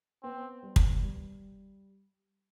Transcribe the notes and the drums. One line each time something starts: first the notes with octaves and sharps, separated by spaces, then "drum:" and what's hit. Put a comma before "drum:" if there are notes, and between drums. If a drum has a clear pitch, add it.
B3 C4
G3
drum: kick
G3